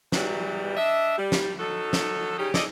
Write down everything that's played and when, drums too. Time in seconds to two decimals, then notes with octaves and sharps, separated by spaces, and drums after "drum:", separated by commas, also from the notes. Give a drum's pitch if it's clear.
0.12 G#2 B2 E3 F#3 G3, drum: snare
0.76 D4 D#5 E5
1.17 G3
1.32 drum: snare
1.59 F#3 D#4 F#4 A4
1.93 drum: snare
2.37 C#3 G3 C#4 D#4 G4
2.54 G#4 A4 D5 D#5, drum: snare